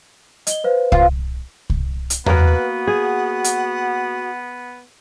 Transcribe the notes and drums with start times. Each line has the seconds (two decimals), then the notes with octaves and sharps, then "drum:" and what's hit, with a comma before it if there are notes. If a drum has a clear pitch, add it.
0.47 D#5 G7, drum: hi-hat
0.64 B4 C5 F5
0.92 F4, drum: kick C2
1.70 drum: kick C2
2.10 drum: hi-hat
2.26 A#3 B3 F#4 A#4 B4, drum: tom E2
2.87 G#4 F#5
3.44 drum: hi-hat